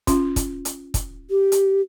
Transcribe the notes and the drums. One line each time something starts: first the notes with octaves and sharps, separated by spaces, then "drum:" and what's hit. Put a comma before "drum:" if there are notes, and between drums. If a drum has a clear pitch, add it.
C#4 F4, drum: kick, hi-hat
drum: kick, hi-hat
drum: hi-hat
drum: kick, hi-hat
G4
drum: hi-hat